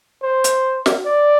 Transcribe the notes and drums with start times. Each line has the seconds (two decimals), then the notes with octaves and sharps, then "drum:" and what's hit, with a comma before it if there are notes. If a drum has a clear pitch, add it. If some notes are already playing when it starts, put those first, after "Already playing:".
0.23 C5
0.44 drum: hi-hat
0.86 drum: snare
1.06 D5